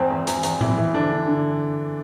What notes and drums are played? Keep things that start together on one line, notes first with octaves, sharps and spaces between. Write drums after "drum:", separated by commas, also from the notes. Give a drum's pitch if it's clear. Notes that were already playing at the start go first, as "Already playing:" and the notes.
Already playing: E2 C4
E2
E2, drum: hi-hat
E2, drum: hi-hat
E3, drum: tom A2
E3
D3 D4
D3
D3